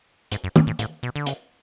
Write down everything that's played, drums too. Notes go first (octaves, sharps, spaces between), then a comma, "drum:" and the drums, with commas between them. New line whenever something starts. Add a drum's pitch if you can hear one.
G#2, drum: hi-hat
F#2
G#2, drum: tom
A2
A2, drum: hi-hat
B2
D3
C#3, drum: hi-hat